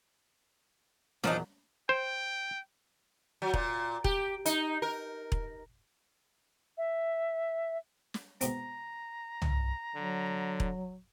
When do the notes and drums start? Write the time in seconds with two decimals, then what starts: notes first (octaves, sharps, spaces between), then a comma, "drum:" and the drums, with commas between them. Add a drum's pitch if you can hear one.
1.24 E2 A#2 F3 F#3 D4 D#4, drum: snare
1.89 C5 G5
3.42 F#3
3.54 A#2, drum: kick E1
4.04 G4, drum: kick E1
4.46 D#4, drum: hi-hat
4.82 A#4
5.32 drum: kick E1
6.78 E5
8.14 drum: snare
8.41 G#2 B2 C4 A#5, drum: hi-hat
9.42 drum: tom C2
9.96 D3 F#3
10.60 drum: kick E1